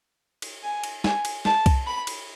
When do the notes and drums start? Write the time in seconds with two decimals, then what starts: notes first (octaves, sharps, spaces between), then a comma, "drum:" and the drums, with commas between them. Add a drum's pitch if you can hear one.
0.42 drum: cymbal
0.63 G#5
0.84 drum: cymbal
1.04 G#5, drum: snare
1.25 drum: cymbal
1.45 A5, drum: snare
1.66 drum: kick C2, cymbal
1.87 B5
2.07 drum: cymbal